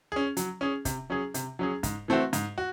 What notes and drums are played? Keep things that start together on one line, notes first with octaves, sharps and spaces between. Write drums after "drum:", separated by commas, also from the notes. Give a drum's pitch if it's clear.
C#4 G#4
F#3, drum: hi-hat
C#4 G#4
C3, drum: kick, hi-hat
F#3 C#4 G#4
C3, drum: hi-hat
F#3 C#4 G#4
G#2, drum: kick, hi-hat
E3 A3 C4 F#4
G#2, drum: hi-hat
F#4